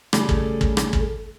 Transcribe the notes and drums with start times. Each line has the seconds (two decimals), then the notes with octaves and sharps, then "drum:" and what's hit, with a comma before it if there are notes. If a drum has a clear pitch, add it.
0.13 C#3 G3 A3 G#4 A4, drum: rim click
0.29 drum: kick
0.61 drum: kick
0.77 drum: rim click
0.93 drum: kick